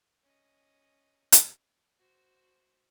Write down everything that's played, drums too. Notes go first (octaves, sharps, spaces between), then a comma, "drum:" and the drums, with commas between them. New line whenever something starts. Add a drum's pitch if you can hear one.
C#4 D#5
drum: hi-hat
F#4 C5